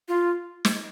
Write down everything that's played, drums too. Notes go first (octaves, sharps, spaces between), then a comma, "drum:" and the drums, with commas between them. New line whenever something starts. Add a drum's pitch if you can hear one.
F4
drum: snare